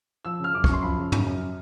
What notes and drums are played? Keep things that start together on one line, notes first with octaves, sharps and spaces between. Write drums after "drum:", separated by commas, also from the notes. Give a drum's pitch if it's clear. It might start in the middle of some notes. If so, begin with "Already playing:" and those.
F3 E6
C#3 F6
F#2 D6
C#6, drum: kick
F#2 C6
F3 B5
C#3
F#2, drum: tom
F#2